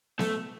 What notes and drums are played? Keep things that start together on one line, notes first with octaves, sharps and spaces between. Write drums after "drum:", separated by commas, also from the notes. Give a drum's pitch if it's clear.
A3, drum: snare B3